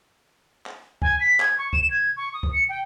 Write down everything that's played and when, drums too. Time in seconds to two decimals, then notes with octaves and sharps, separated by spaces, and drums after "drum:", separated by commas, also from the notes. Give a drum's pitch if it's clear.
0.66 drum: clap
1.02 G#5, drum: kick
1.20 B6
1.40 G#6, drum: clap
1.58 C#6
1.73 E7, drum: kick
1.90 G#6
2.17 C#6
2.34 D#6
2.43 drum: kick
2.53 C#7
2.69 G5